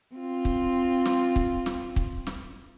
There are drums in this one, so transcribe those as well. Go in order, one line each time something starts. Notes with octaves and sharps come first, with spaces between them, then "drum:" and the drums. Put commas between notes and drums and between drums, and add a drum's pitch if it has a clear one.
C4 F4
drum: kick
drum: snare
drum: kick
drum: snare
drum: kick
drum: snare